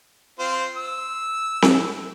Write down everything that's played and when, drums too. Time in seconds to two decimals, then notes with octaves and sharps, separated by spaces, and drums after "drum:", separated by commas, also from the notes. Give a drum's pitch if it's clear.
0.39 C4 F4 C5
0.76 E6
1.62 drum: snare C4